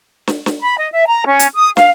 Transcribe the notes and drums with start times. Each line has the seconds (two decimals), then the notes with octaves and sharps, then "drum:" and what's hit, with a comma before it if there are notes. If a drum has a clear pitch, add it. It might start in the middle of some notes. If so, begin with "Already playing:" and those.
0.27 drum: snare
0.46 drum: snare
0.61 B5
0.78 D#5
0.92 E5
1.07 A#5
1.26 C#4
1.39 drum: hi-hat
1.54 D#6
1.77 F5, drum: snare